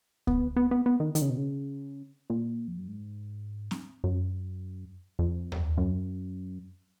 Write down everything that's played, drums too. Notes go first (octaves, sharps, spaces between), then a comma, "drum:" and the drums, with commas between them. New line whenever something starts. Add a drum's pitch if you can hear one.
B3, drum: kick C#2
B3
B3
B3
D#3
D#3, drum: hi-hat
C#3
B2
C#3
A#2
F2
F#2
G#2
drum: snare C4
F#2
F2
drum: tom D#2
F#2